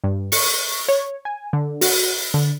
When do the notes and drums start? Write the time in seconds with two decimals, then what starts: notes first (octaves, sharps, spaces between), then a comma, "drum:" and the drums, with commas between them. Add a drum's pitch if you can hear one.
0.04 G2
0.32 C#6, drum: open hi-hat
0.88 C#5
1.25 G#5
1.53 D3
1.81 F#4, drum: open hi-hat
2.34 D3